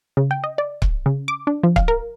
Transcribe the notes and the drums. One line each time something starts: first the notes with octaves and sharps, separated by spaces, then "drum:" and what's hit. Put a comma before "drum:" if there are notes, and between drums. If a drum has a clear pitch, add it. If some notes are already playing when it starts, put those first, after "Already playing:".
C#3
G5
D#5
D5
drum: kick C#1
C#3
D6
D4
F3
F5, drum: kick C#1
A#4